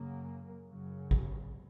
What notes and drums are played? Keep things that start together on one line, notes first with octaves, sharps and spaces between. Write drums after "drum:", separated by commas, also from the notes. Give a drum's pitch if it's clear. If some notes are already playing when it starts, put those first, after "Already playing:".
Already playing: F#2 C#3 F#3 A#3
F#2 C#3 F#3
drum: kick